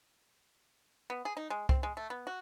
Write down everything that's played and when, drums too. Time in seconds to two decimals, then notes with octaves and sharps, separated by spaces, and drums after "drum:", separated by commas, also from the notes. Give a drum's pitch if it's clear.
1.10 B3
1.25 G#4
1.37 D#4
1.50 G#3
1.69 C4, drum: kick C2
1.83 G#3
1.97 A3
2.10 B3
2.27 F#4